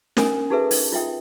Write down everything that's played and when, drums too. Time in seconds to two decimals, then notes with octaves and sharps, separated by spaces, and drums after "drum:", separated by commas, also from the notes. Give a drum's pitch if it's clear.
0.17 C#4 D4 A#4 G#5 D#6, drum: snare
0.50 D#4 F#4 G#4 A4 B4 E5
0.71 D#4, drum: open hi-hat
0.92 F4 D#5 E5 G5 D#6